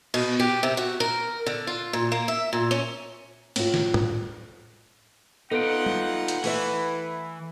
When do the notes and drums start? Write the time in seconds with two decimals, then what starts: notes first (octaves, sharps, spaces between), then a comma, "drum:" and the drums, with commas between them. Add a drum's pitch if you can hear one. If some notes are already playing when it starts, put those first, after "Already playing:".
0.14 B2, drum: cymbal
0.40 G4
0.63 C3
0.77 F#4
1.00 A#4
1.46 D3
1.67 F4
1.93 A#2
2.12 A#3
2.28 E5
2.53 A#2
2.71 C#4
3.56 A2 F4, drum: cymbal
3.74 drum: snare
3.94 drum: tom
5.51 B3 D#4 F4 A4 F#5 D7
5.86 drum: tom
6.28 drum: hi-hat
6.44 E3 A3 B4 E5, drum: open hi-hat